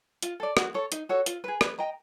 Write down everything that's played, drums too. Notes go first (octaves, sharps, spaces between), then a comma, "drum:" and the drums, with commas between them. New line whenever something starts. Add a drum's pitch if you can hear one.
F4, drum: hi-hat
A4 D5
F#4, drum: rim click
A4 C#5
D#4, drum: hi-hat
F#4 A4 C#5
F4, drum: hi-hat
G#4 B4
B4, drum: rim click
D#5 G5 A#5